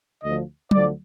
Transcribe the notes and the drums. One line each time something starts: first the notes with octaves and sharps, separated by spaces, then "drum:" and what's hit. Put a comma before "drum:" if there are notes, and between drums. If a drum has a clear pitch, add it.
D2 D3 F3 D#5
D2 D3 F3 D5, drum: tom F#3